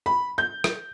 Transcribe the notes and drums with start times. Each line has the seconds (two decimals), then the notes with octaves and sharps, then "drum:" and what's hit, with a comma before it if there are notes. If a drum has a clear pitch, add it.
0.06 B5
0.38 G6
0.64 drum: rim click